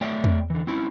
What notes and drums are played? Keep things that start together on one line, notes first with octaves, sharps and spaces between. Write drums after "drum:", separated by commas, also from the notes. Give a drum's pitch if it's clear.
A3 C#5 D5 E5 G5
drum: tom E2
D3 E3
C4 C#4 E4